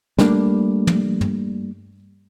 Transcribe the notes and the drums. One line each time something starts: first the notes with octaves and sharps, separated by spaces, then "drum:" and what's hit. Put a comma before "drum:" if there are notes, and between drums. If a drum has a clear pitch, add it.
G3 A3 A#3 D4, drum: snare
drum: tom
drum: tom